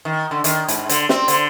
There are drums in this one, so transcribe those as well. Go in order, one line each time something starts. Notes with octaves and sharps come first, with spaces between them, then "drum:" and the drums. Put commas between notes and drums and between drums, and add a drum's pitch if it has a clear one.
D#3
D3
D#3, drum: hi-hat
G#2, drum: hi-hat
D3, drum: hi-hat
C4, drum: snare
D3, drum: hi-hat